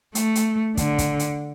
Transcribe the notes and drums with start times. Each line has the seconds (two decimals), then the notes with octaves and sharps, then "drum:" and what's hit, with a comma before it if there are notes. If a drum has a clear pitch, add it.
0.15 A3, drum: hi-hat
0.35 drum: hi-hat
0.77 D3, drum: kick, hi-hat
0.98 drum: kick, hi-hat
1.19 drum: hi-hat